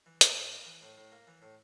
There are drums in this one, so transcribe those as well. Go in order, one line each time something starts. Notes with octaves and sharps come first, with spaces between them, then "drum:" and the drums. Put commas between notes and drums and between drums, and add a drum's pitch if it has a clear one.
E3
A2, drum: hi-hat
A2
A#3
E3
A2
A2
A#3
E3
A2